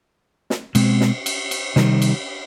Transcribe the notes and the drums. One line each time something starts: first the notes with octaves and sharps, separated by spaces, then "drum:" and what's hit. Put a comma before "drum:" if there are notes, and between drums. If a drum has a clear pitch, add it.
drum: snare
B2 G#3 C4, drum: cymbal
drum: snare
drum: cymbal
drum: cymbal
C3 D#3 G3, drum: snare
drum: cymbal